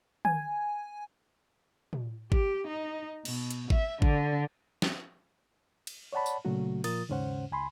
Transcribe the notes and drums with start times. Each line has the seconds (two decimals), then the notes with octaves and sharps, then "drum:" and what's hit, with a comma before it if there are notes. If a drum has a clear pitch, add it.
0.25 G#5, drum: tom
1.93 drum: tom
2.32 G4, drum: kick G#1
2.67 D#4
3.25 B2, drum: cymbal
3.51 drum: hi-hat
3.70 E5, drum: kick G#1
4.02 D3, drum: kick G#1
4.82 drum: snare
5.87 drum: cymbal
6.13 C#5 D5 F#5 A5 B5
6.26 drum: tambourine
6.45 A#2 C#3 F#3 A3 F#4
6.84 A#2 F3 F4 A#4 D#6 A6, drum: cymbal
7.09 D#2 G#2 C#3 C#4 C5 F#5
7.52 C#2 G#5 B5 C6